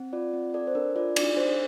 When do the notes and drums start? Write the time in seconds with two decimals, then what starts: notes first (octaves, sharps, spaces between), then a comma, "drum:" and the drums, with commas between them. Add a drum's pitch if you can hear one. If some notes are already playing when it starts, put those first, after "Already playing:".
Already playing: C4
0.13 F4 D5
0.34 C4
0.54 A4 D5
0.67 C5
0.75 D4 A#4
0.96 F4 D5
1.16 D4 D5, drum: cymbal
1.37 D4 C5